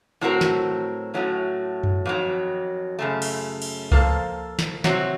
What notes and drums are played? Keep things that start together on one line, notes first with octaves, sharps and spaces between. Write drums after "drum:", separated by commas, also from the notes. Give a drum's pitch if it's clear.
A2 F#3 C4 F#4 A#4
drum: snare
A2 F#3 A3 C#4
drum: tom F#2
F2 D#3 F#3
F#2 C#3 A3
drum: cymbal
drum: cymbal
F3 A#3 F4 A4 C5, drum: kick C#2
drum: snare
C3 F#3 C4 F#4, drum: snare